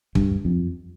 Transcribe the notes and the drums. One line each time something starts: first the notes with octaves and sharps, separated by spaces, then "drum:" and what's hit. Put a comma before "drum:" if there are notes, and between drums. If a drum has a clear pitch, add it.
G2, drum: kick
F2